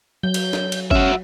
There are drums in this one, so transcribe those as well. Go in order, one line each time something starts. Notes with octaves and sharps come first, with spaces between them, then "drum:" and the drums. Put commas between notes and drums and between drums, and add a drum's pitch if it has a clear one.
F#3 G6
drum: cymbal
drum: snare
drum: cymbal
C#4 F#4 E5, drum: kick